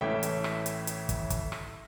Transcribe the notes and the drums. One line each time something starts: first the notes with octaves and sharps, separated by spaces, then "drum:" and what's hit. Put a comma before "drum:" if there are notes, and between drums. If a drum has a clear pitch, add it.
A1 A2 E3 A3 C#4 E5 G5
drum: hi-hat
drum: rim click
drum: hi-hat
drum: hi-hat
drum: kick, hi-hat
drum: kick, hi-hat
drum: rim click